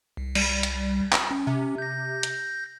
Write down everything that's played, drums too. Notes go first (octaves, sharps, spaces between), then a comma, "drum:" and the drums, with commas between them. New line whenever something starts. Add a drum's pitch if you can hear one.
C2
G3, drum: cymbal
drum: hi-hat
drum: clap
C#4
C3
G6 A#6
drum: hi-hat